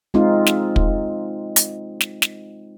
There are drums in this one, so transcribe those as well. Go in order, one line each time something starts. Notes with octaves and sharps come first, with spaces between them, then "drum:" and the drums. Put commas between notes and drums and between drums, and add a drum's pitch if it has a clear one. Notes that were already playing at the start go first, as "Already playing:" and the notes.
G#3 C4 D#4 F4
drum: snare
drum: kick
drum: hi-hat
drum: snare
drum: snare